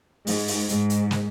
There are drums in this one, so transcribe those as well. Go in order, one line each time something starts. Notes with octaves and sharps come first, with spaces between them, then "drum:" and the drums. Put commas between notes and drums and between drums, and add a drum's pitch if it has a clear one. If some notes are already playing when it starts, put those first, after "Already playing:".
G#2, drum: open hi-hat
drum: open hi-hat
G#2, drum: hi-hat
drum: hi-hat
drum: snare